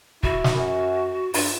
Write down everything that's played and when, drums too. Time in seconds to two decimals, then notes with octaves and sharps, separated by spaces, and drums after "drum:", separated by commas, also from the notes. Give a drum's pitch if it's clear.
0.23 E4 F#4, drum: kick C#1
0.44 drum: snare
0.55 F#2
1.34 G2 F4, drum: open hi-hat